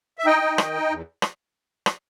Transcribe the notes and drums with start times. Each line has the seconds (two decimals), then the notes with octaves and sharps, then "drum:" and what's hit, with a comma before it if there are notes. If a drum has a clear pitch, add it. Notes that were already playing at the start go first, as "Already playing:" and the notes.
0.19 E5
0.26 D#4 D#5 G5
0.42 D#4
0.58 D#3, drum: rim click
0.74 D#4
0.90 E2
1.22 drum: rim click
1.86 drum: rim click